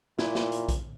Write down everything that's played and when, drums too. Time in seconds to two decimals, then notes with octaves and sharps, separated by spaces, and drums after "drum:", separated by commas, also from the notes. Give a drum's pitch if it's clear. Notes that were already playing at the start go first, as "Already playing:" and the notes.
0.18 A#2 E4, drum: snare
0.35 drum: snare
0.52 drum: hi-hat
0.69 drum: kick A#1, hi-hat